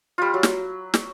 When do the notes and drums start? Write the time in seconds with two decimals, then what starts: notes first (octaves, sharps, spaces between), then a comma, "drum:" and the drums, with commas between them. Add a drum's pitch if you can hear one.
0.18 G3 F4
0.34 F#3
0.43 drum: snare
0.94 drum: snare